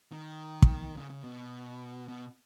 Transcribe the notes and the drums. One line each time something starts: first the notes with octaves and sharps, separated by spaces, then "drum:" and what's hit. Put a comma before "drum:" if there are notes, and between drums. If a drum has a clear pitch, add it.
D#3
drum: kick
C#3
C#3
B2
B2